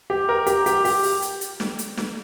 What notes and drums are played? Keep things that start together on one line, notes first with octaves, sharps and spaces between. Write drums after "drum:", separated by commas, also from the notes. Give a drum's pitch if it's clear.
G4
A#4
G4, drum: hi-hat
G4, drum: hi-hat
G4, drum: open hi-hat
drum: open hi-hat
drum: hi-hat
drum: hi-hat
drum: snare
drum: hi-hat
drum: snare